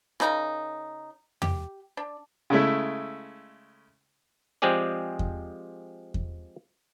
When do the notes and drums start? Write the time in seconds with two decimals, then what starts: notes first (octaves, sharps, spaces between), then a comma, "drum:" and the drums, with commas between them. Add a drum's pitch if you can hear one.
0.20 C#3 D#4 A#4, drum: rim click
1.42 G4, drum: tom
1.97 D4
2.50 C#3 G#3 A3 E4
4.62 F3 G#3 C4 G4 G#4 D5
5.19 drum: kick E2
6.14 drum: kick E2